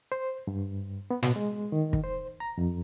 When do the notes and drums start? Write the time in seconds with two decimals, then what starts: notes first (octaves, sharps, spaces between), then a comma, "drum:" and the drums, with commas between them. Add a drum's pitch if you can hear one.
0.12 C5
0.47 G2
1.11 B3
1.23 B2, drum: snare
1.36 G#3
1.72 D#3
1.93 drum: kick
2.04 C5
2.40 A#5
2.58 F2